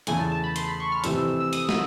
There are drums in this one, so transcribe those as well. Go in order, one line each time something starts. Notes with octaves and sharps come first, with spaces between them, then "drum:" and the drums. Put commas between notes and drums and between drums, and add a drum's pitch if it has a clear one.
E2 C#3 E3 A3 G#5, drum: hi-hat
A5
A5
B5
C6, drum: hi-hat
B5
C#6
F6
F2 C3 E3 A3 E6, drum: hi-hat
E6
E6
E6
D#6, drum: hi-hat
drum: snare